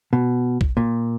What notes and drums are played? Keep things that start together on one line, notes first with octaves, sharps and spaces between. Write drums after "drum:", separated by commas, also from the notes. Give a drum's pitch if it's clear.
B2
drum: kick
A#2